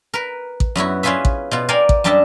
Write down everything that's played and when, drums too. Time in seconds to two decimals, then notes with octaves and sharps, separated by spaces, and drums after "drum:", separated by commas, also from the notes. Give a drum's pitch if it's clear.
0.14 A#4 B4
0.60 drum: kick A1
0.76 F#2 B3 E4 F#4
1.03 C#4 E4 F4 G#4 B4 E5
1.25 drum: kick A1
1.51 B2 B3 F4
1.69 A#4 D5 F5 G5 G#5
1.89 drum: kick A1
2.04 F#2 G3 D4 D#5 E5 A5